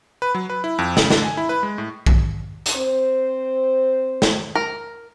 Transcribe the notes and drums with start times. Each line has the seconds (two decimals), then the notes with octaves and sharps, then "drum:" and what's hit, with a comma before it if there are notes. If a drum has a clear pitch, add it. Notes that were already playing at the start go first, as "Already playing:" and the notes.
0.22 B4
0.35 F#3
0.50 B4
0.64 E4
0.79 F2
0.97 C#3, drum: snare
1.10 D3, drum: snare
1.24 G#5
1.37 E4
1.49 B4
1.63 G#3
1.78 A2
2.06 drum: kick A#1
2.66 drum: hi-hat
2.76 C4 C5
4.22 drum: snare
4.55 A#4